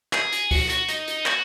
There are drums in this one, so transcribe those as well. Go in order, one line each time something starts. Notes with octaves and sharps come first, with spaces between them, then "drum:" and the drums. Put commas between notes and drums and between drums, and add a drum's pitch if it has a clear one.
G#4, drum: clap
drum: hi-hat
F#4, drum: kick C#2, open hi-hat
F#4, drum: hi-hat
D#4, drum: hi-hat
drum: hi-hat
F#4, drum: clap